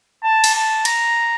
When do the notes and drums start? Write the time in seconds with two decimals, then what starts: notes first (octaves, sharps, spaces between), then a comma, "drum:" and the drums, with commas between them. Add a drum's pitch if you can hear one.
0.23 A5
0.44 drum: cymbal
0.55 A5
0.85 A#5, drum: cymbal